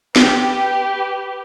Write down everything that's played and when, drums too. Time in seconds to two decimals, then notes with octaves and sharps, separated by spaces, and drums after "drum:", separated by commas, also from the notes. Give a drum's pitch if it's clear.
0.16 G4 B4, drum: snare